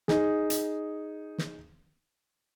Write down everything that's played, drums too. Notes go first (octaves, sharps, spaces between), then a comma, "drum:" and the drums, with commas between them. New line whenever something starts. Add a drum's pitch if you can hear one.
D#4 G#4, drum: snare
drum: hi-hat
drum: snare